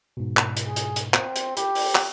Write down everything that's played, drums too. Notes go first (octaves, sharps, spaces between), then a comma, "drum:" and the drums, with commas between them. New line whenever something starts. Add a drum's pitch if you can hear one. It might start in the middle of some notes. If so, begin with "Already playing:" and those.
G#2 B2
drum: clap
drum: hi-hat
G#4
drum: hi-hat
drum: hi-hat
C4, drum: clap
drum: hi-hat
G4 B5, drum: hi-hat
drum: open hi-hat
drum: clap